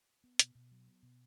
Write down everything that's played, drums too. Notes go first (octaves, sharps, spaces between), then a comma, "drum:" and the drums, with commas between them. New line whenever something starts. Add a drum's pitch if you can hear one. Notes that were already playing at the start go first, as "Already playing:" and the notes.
B3
B2, drum: hi-hat
B2
F#3
B3
B2